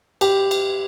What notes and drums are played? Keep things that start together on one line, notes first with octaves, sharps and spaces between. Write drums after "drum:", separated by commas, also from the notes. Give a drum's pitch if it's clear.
G4, drum: cymbal
drum: cymbal